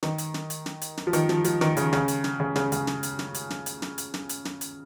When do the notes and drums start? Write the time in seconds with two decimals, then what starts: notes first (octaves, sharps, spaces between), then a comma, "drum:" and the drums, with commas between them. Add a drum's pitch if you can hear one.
0.03 D#3, drum: snare
0.18 drum: hi-hat
0.34 drum: snare
0.50 drum: hi-hat
0.66 drum: snare
0.82 drum: hi-hat
0.97 drum: snare
1.07 F3
1.13 D#3, drum: hi-hat
1.29 F3, drum: snare
1.45 F3, drum: hi-hat
1.61 D#3, drum: snare
1.77 C#3, drum: hi-hat
1.93 C#3, drum: snare
2.08 drum: hi-hat
2.24 drum: snare
2.40 C#3
2.56 C#3, drum: snare
2.72 C#3, drum: hi-hat
2.87 drum: snare
3.03 drum: hi-hat
3.19 drum: snare
3.35 drum: hi-hat
3.50 drum: snare
3.66 drum: hi-hat
3.82 drum: snare
3.98 drum: hi-hat
4.14 drum: snare
4.29 drum: hi-hat
4.45 drum: snare
4.61 drum: hi-hat